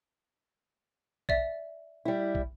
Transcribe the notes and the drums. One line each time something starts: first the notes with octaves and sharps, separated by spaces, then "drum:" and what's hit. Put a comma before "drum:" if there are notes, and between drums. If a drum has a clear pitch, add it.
D5 E5, drum: kick
G3 E4
drum: kick